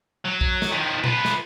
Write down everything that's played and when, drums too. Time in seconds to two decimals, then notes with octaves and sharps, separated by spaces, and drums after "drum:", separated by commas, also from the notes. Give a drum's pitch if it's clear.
0.25 F#3
0.41 drum: kick
0.62 drum: snare
0.72 D#3 F3
1.04 F4 B4, drum: tom A#2
1.25 drum: snare